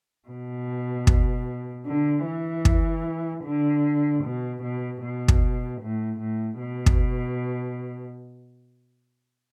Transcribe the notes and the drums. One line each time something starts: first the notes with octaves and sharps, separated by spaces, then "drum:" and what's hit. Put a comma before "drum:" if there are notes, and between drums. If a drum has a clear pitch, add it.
B2
drum: kick
D3
E3
drum: kick
D3
B2
B2
B2
drum: kick
A2
A2
B2
drum: kick